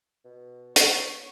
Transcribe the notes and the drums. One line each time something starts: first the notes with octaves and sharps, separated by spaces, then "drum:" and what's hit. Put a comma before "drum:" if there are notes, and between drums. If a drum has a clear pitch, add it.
B2
B3 C#5, drum: hi-hat